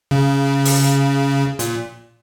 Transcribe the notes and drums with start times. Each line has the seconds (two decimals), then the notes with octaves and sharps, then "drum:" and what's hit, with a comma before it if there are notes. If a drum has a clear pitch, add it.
0.11 C#3
0.65 drum: open hi-hat
1.59 A#2, drum: hi-hat